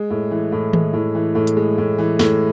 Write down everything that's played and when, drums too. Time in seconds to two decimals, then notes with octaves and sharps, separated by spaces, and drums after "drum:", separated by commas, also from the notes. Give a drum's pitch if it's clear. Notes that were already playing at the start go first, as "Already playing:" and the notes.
Already playing: G#3
0.10 A2
0.31 E3
0.52 A2
0.73 G#3, drum: tom D#3
0.93 A2
1.15 E3
1.35 A2
1.47 drum: hi-hat
1.57 G#3
1.78 A2
1.98 E3
2.19 A2, drum: snare